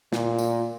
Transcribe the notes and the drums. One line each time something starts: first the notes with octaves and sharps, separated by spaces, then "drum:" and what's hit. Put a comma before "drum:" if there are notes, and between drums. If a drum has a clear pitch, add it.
A#2, drum: snare
drum: tambourine